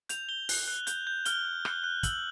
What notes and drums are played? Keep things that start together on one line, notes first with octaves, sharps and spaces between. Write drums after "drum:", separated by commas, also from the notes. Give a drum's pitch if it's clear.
G6 F7, drum: hi-hat
G6 G7
F#6, drum: open hi-hat
F#6
G6, drum: hi-hat
G6
F6 G7, drum: hi-hat
F6
F#6, drum: rim click
F#6
E6 F#7, drum: kick, hi-hat